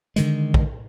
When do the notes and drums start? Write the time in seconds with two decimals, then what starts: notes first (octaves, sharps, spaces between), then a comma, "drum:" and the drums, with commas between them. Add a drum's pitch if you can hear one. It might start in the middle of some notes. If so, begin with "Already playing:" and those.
0.16 D3 D#3 G#3, drum: hi-hat
0.54 drum: kick